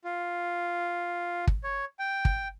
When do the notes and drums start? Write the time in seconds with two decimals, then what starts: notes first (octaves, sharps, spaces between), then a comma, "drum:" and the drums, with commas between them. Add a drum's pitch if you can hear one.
0.04 F4
1.47 drum: kick
1.64 C#5
1.99 G5
2.25 drum: kick